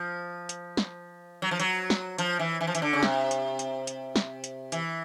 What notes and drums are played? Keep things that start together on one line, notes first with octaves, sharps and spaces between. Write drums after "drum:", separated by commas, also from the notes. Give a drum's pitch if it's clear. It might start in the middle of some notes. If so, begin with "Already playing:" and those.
Already playing: F3
drum: hi-hat
drum: snare
F#3
F3
F#3, drum: hi-hat
drum: snare
F3, drum: hi-hat
E3
E3
F3
E3, drum: hi-hat
D3
C#3
C3, drum: snare
drum: hi-hat
drum: hi-hat
drum: hi-hat
drum: snare
drum: hi-hat
E3, drum: hi-hat